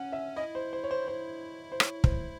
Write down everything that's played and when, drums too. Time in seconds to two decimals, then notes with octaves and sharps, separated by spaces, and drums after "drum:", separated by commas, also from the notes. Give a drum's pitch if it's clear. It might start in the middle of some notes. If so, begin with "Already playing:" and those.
Already playing: C#4 F#5
0.12 E5
0.36 E4 D#5
0.55 C5
0.73 C5
0.84 C#5
0.91 C5
1.08 C5
1.72 C5
1.80 C#5, drum: rim click
2.04 C5, drum: kick